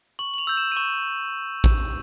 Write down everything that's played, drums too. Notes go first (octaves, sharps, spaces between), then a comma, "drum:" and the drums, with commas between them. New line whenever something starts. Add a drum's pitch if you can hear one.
C#6 F#7
F#7
F7
E6 G6
E7
D#7
C#6 E7
drum: kick A1